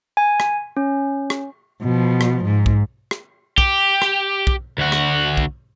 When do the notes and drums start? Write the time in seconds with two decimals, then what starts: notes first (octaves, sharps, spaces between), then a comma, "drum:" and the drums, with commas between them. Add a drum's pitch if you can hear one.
0.17 G#5
0.40 drum: rim click
0.77 C#4
1.30 drum: rim click
1.82 B2 F3
2.21 drum: rim click
2.45 G#2
2.66 drum: kick
3.11 drum: rim click
3.58 G4, drum: kick
4.02 drum: rim click
4.47 drum: kick
4.78 D2 F#4
4.92 drum: rim click
5.37 drum: kick